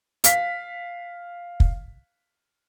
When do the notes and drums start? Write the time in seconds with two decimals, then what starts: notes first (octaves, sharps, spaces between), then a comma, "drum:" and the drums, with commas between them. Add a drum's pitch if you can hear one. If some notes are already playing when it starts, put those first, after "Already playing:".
0.24 F5 B6, drum: hi-hat
1.60 drum: kick